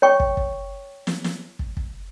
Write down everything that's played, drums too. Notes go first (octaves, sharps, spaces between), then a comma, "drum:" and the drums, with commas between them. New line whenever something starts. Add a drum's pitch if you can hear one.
C#5 G5 C#6
drum: kick
drum: kick
drum: snare
drum: snare
drum: kick
drum: kick